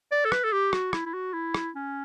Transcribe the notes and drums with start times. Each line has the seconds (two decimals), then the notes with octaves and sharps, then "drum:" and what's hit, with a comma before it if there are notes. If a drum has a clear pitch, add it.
0.12 D5
0.25 A4
0.32 B4, drum: rim click
0.44 A4
0.52 G4
0.73 F#4, drum: rim click
0.93 E4, drum: rim click
1.06 E4
1.14 F#4
1.34 E4
1.54 drum: rim click
1.75 C#4